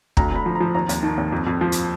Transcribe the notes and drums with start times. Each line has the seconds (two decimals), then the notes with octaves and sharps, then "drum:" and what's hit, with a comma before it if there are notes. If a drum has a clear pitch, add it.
0.17 D2 A#5, drum: kick
0.31 D2 B5
0.46 F3
0.55 A#5
0.60 F3
0.74 D#2 A#5
0.89 D#2, drum: hi-hat
1.03 D#3 A5
1.18 D#2
1.32 F2
1.47 F2
1.61 F3
1.72 drum: hi-hat